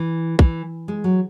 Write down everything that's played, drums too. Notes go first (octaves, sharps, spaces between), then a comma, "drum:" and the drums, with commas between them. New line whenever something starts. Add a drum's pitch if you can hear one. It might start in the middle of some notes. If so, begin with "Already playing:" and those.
Already playing: E3
E3, drum: kick
G#3
F#3